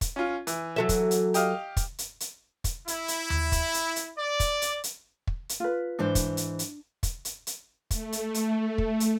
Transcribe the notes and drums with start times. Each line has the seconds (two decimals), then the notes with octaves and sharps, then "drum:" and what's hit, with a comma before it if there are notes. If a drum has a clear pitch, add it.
0.01 drum: kick, hi-hat
0.16 C#4 F4
0.47 E3, drum: hi-hat
0.76 F#3 A4 E5
0.89 drum: kick, hi-hat
1.11 drum: hi-hat
1.34 G4 D#5 F5, drum: hi-hat
1.77 drum: kick, hi-hat
1.98 drum: hi-hat
2.20 drum: hi-hat
2.64 drum: kick, hi-hat
2.88 E4, drum: hi-hat
3.08 drum: hi-hat
3.30 drum: tom D#2
3.52 drum: kick, hi-hat
3.74 drum: hi-hat
3.96 drum: hi-hat
4.19 D5
4.40 drum: kick, hi-hat
4.62 drum: hi-hat
4.84 drum: hi-hat
5.27 drum: kick
5.49 drum: hi-hat
5.60 F4 B4
5.99 G#2 E3 D4 C5
6.15 drum: kick, hi-hat
6.37 drum: hi-hat
6.59 drum: hi-hat
7.03 drum: kick, hi-hat
7.25 drum: hi-hat
7.47 drum: hi-hat
7.91 A3, drum: kick, hi-hat
8.12 drum: hi-hat
8.34 drum: hi-hat
8.78 drum: kick
9.00 drum: hi-hat